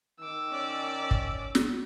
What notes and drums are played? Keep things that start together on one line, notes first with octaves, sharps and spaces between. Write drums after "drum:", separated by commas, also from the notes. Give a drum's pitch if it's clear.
D#3 D6 E6
C#4 D5
drum: kick
drum: snare